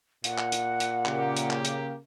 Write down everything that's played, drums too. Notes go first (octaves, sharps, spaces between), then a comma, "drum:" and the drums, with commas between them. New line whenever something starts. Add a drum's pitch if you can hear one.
A#2 F#5, drum: hi-hat
drum: clap
drum: hi-hat
drum: hi-hat
C#3 A#3 G4, drum: clap
drum: hi-hat
drum: clap
drum: hi-hat